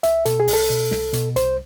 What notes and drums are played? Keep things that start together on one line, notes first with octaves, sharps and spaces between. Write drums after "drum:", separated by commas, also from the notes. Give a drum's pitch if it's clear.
C2 E5, drum: hi-hat
B2 A4, drum: hi-hat
G#4
C2, drum: open hi-hat
A4
B2
C2, drum: snare
B2, drum: hi-hat
C2 C5, drum: hi-hat